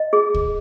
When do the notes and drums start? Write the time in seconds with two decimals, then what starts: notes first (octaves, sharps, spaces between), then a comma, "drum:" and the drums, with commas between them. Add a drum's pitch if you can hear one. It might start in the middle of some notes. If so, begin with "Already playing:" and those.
Already playing: D#5
0.13 G#4
0.35 drum: kick C#2